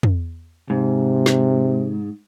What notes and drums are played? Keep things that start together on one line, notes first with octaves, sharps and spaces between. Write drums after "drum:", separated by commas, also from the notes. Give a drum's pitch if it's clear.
drum: tom
G#2 C3
drum: snare